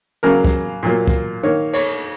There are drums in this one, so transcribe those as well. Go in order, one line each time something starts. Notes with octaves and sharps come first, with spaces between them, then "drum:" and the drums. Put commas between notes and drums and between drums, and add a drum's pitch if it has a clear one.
C#3 F#3 A#3 A#4
drum: kick
A#2 F#3 A#3
drum: kick
D#3 A#3 C#5
C#5, drum: cymbal